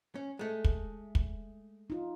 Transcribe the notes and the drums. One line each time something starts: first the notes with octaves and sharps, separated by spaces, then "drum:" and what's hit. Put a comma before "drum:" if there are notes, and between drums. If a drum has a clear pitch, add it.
C#4
G#3 A3
drum: kick
drum: kick
D#4 F4